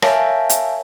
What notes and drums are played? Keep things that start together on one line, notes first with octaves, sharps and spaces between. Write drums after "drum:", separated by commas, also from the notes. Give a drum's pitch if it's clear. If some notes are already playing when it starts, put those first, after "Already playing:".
A#4 C#5 E5 F5 G#5 A5, drum: rim click
drum: hi-hat